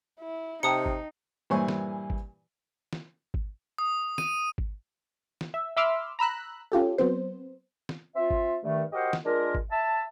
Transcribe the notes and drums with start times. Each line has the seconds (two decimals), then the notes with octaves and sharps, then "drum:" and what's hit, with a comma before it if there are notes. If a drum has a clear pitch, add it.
0.21 E4
0.63 C3 D#4 G5 A5 A#5 D#6 C#7
0.86 drum: kick G#1
1.50 G2 A#2 E3 C5 G#5 C#6
1.68 drum: snare
2.10 drum: kick G#1
2.93 drum: snare
3.34 drum: kick G#1
3.78 D#6
4.18 D#7, drum: snare
4.58 drum: kick G#1
5.41 drum: snare
5.54 E5
5.77 E5 B5 C6 D6 E6 F6
6.19 A#5 B5 E6 F#6
6.72 C#4 F4 G4 A4
6.98 F#3 B3 C4 C5
7.89 drum: snare
8.16 C4 F4 E5
8.30 drum: kick G#1
8.63 G2 D#3 A3
8.93 F#4 G4 A#4 C5 D#5 F#5
9.13 drum: snare
9.25 G#3 D4 F4 A#4
9.55 drum: kick G#1
9.71 E5 A5